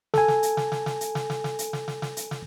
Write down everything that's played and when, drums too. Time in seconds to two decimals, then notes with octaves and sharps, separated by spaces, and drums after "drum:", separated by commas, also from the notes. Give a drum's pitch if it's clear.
0.14 A4 G#5, drum: snare
0.28 drum: snare
0.43 drum: hi-hat
0.57 drum: snare
0.72 drum: snare
0.86 drum: snare
1.01 drum: hi-hat
1.15 drum: snare
1.30 drum: snare
1.44 drum: snare
1.59 drum: hi-hat
1.73 drum: snare
1.88 drum: snare
2.02 drum: snare
2.17 drum: hi-hat
2.31 drum: snare